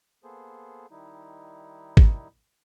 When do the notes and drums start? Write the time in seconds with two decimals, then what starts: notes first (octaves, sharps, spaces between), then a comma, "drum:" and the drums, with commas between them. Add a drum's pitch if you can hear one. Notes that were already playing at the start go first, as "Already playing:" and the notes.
0.24 A#3 B3 G#4 A4 C5
0.91 D#3 G3 D#4 E4
1.97 drum: kick